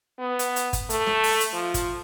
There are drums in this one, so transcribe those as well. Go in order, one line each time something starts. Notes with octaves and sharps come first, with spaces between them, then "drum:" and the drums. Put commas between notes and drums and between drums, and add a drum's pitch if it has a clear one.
B3
drum: hi-hat
drum: hi-hat
drum: kick G1, hi-hat
A3, drum: hi-hat
drum: snare
drum: open hi-hat
drum: hi-hat
F3
drum: kick G1, hi-hat